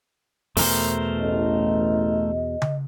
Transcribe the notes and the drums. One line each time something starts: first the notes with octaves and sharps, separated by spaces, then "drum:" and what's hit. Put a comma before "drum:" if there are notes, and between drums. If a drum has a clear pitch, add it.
E2 B2 A3 A#4 C5, drum: open hi-hat
A1 D#5
drum: tom C#3